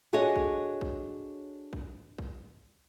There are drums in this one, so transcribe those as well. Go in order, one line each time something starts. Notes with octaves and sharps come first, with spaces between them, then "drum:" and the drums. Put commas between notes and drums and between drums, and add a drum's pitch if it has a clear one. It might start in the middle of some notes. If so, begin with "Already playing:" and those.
D4 F#4 G#4 A4 C#5 D#5
drum: kick
drum: kick
drum: kick
drum: kick